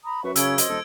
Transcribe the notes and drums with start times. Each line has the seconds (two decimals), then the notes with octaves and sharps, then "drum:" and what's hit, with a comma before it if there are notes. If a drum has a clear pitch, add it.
0.05 A#5 B5 D#6
0.24 F#2 B4 E5 C#6
0.36 C#3 C#4 E6 G#6 D7, drum: hi-hat
0.58 C5 D#5, drum: hi-hat
0.69 E1 A4